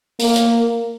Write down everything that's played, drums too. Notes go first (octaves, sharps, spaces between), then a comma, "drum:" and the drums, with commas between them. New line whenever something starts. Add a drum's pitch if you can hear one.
A#3, drum: open hi-hat
drum: hi-hat